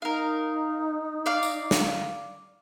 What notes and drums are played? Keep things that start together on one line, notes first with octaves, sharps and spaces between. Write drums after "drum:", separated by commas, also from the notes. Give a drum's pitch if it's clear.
D#4 A#4 F5
D5 F5
drum: tambourine
drum: snare